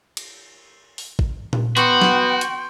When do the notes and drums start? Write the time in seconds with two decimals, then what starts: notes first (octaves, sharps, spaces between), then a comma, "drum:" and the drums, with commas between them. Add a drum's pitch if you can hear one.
0.17 drum: cymbal
0.98 drum: open hi-hat
1.19 drum: kick A1
1.53 drum: tom A#2
1.77 B3 F#4 G5 C6 C#6 C#7, drum: hi-hat
2.01 drum: snare
2.41 drum: hi-hat